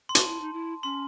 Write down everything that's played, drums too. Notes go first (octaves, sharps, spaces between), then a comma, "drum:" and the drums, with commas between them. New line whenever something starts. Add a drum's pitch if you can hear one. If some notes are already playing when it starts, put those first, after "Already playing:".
C6
F#4 A5, drum: hi-hat
E4
D#4
E4
C#4 C6